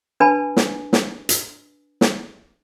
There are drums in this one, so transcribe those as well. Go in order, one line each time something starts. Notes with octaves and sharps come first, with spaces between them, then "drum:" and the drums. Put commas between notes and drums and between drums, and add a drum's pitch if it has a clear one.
D4 B4 G#5 A5 B5
drum: snare
drum: snare
drum: hi-hat
drum: snare